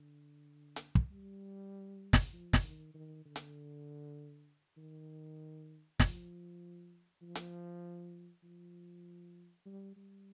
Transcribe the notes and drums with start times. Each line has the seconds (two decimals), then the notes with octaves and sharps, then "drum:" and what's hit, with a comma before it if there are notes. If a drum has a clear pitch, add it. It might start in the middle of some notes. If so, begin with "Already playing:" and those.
Already playing: D3
0.76 drum: hi-hat
0.95 drum: kick
1.11 G3
2.13 drum: snare
2.33 F3
2.53 drum: snare
2.64 D#3
2.94 D#3
3.25 D3
3.36 drum: hi-hat
4.77 D#3
6.00 F3, drum: snare
7.22 F3
7.35 drum: hi-hat
8.43 F3
9.66 G3
9.96 G3